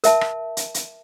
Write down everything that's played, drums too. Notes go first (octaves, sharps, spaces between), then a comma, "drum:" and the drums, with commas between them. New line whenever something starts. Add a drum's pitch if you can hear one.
A#4 E5 A5, drum: hi-hat
drum: rim click
drum: hi-hat
drum: hi-hat